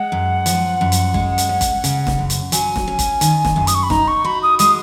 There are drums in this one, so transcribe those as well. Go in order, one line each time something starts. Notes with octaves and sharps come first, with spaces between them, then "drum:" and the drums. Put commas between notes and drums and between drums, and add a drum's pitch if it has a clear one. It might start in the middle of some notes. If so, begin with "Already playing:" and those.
Already playing: G#3 F#5
F#2
F3, drum: hi-hat
F#2
drum: hi-hat
G#3, drum: kick G1
drum: hi-hat
C#4
drum: kick G1, hi-hat
C#3, drum: hi-hat
drum: snare E1
F#2
drum: hi-hat
F#3 G#5, drum: hi-hat
drum: snare E1
C#4
drum: kick G1, hi-hat
D#3, drum: hi-hat
drum: snare E1
F#2
D#6, drum: hi-hat
C#6
B5
D#4 A#5, drum: snare E1
C#6
F#4 B5
D#6
G#3 D#6, drum: hi-hat